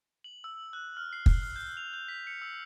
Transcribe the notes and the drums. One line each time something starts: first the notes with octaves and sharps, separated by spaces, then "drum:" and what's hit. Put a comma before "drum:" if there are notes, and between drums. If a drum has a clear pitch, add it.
F#7
E6
F#6
F6
C7
drum: kick
F6
G6
F7
G6
B6
C#7
E6